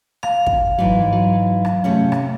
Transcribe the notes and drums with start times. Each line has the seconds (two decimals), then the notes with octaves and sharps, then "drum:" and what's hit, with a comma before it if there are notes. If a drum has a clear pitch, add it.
0.23 F5, drum: rim click
0.47 drum: kick
0.79 G#2 E3 F#3
1.13 F#3
1.65 drum: rim click
1.84 C3 A3 C#4
2.12 drum: rim click